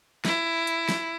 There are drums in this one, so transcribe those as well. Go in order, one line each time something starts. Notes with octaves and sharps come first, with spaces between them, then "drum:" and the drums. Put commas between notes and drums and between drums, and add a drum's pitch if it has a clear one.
E4, drum: snare
drum: hi-hat
drum: snare